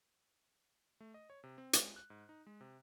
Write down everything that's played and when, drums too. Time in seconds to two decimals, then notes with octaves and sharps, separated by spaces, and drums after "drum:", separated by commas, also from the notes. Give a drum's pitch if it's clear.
1.00 A3
1.14 D#5
1.30 C#5
1.44 C3
1.58 C4
1.73 G#3, drum: hi-hat
1.96 F#6
2.10 G#2
2.29 D#4
2.47 G#3
2.61 C3